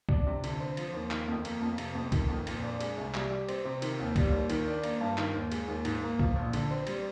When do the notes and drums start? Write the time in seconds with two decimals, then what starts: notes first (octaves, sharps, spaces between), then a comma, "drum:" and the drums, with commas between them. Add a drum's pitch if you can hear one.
0.09 D4, drum: kick
0.27 C3
0.44 D3, drum: cymbal
0.60 C4
0.77 F3, drum: cymbal
0.93 D#2
1.11 D#3, drum: clap
1.28 F2
1.45 A#3, drum: cymbal
1.62 F2
1.78 C3, drum: cymbal
1.95 F2
2.12 D#3, drum: kick, cymbal
2.29 F2
2.47 A#2, drum: cymbal
2.63 D4
2.81 G#3, drum: cymbal
2.98 C2
3.14 G3, drum: clap
3.32 G4
3.49 C4, drum: cymbal
3.65 C3
3.82 D#3, drum: cymbal
4.00 D#2
4.16 G3, drum: kick, cymbal
4.32 D#2
4.50 D#3, drum: cymbal
4.67 D4
4.84 A#3, drum: cymbal
5.01 G2
5.18 D#3, drum: clap
5.34 D#2
5.52 G#3, drum: cymbal
5.68 D#2
5.85 G#2, drum: cymbal
6.02 A#3
6.19 F3, drum: kick
6.36 A#1
6.53 D3, drum: cymbal
6.71 C4
6.87 G3, drum: cymbal